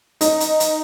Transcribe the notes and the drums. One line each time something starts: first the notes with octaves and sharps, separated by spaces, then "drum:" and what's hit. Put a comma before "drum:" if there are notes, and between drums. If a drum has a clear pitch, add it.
D#4, drum: hi-hat
drum: hi-hat
drum: hi-hat